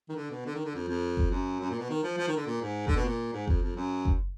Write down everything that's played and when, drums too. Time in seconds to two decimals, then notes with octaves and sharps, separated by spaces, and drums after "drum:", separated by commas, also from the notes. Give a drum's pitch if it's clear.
0.09 D#3
0.16 D3
0.30 B2
0.46 D3
0.55 D#3
0.65 D3
0.75 F2
0.88 F2
1.17 drum: kick F#1
1.31 F#2
1.60 F#2
1.70 A#2
1.79 B2
1.90 D#3
2.03 F3
2.17 F3
2.28 D#3
2.37 D3
2.46 A#2
2.61 G#2
2.87 D3, drum: kick F#1
2.96 B2
3.05 A#2
3.33 G#2
3.48 F2, drum: kick F#1
3.62 F2
3.76 F#2
4.05 drum: kick F#1